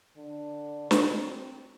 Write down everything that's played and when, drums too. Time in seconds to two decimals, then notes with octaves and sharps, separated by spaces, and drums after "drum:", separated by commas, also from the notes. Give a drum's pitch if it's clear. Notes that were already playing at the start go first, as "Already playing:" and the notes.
0.17 D3
0.91 C4, drum: snare